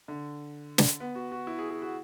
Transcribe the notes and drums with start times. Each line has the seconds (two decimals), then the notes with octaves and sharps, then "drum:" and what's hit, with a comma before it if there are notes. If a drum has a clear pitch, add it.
0.08 D3
0.78 drum: snare
1.00 B3
1.15 F#4
1.32 F#4
1.47 E4
1.59 G#4
1.70 G#4
1.82 F#4